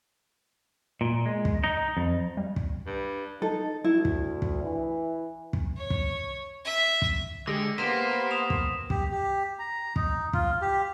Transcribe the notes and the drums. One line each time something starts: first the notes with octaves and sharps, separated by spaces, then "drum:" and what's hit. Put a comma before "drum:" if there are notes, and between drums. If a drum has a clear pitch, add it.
A#2
G#3
drum: kick
D#4
F2
G3
drum: kick
G2
D#4 A4
D2 E4
drum: kick
drum: kick
E3
drum: kick
C#5
drum: kick
E5
drum: kick
D3 G#3 G4 G#4 A#6
A#3 B3 G4 C5 C6 B6 D#7 E7
D#6 E7 F7
drum: kick
G4, drum: kick
G4
A#5
D#4, drum: kick
F4, drum: kick
G4